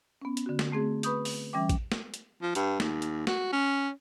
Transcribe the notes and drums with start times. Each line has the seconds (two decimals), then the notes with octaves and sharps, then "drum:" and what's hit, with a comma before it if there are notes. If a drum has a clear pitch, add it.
0.22 B3 C#4
0.37 drum: hi-hat
0.46 D3 F#4
0.59 drum: snare
0.72 A3 C4 G#4
1.03 B4 B5 C#6 D#6 G6, drum: hi-hat
1.25 drum: open hi-hat
1.53 E3 G3 C#4 E5 G5 D6
1.69 drum: kick A1, hi-hat
1.92 drum: snare
2.14 drum: hi-hat
2.42 F3
2.55 G2, drum: hi-hat
2.80 D#2, drum: snare
3.02 drum: hi-hat
3.27 F#4, drum: snare
3.52 C#4